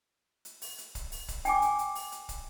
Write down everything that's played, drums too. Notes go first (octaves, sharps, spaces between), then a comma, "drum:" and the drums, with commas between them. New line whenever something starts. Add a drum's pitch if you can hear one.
drum: hi-hat
drum: open hi-hat
drum: hi-hat
drum: kick, hi-hat
drum: open hi-hat
drum: kick, hi-hat
G5 G#5 D6, drum: hi-hat
drum: hi-hat
drum: hi-hat
drum: open hi-hat
drum: hi-hat
drum: kick, hi-hat